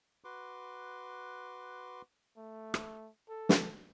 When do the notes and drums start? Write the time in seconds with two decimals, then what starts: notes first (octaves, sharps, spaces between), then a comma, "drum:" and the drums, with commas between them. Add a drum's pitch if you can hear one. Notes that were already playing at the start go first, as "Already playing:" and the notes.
0.24 F#4 B4 C6 D6
2.37 A3
2.74 drum: rim click
3.29 A4
3.49 drum: snare